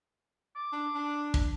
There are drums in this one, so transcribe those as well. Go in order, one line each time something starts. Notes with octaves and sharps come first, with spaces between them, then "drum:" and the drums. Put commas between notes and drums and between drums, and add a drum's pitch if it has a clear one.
D6
D4
D4
drum: kick